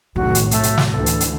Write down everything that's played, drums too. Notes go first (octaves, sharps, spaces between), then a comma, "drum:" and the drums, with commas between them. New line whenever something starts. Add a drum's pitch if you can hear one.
F1 B1 A2 D#3 F#4
drum: hi-hat
F#3 A3, drum: hi-hat
drum: hi-hat
drum: snare
D2 D3 E3 A4
drum: hi-hat
drum: hi-hat